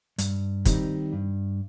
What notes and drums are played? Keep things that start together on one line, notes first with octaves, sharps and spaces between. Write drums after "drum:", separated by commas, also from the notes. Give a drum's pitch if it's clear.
G2, drum: hi-hat
D#3 G3 C4 D#4, drum: kick, hi-hat
G2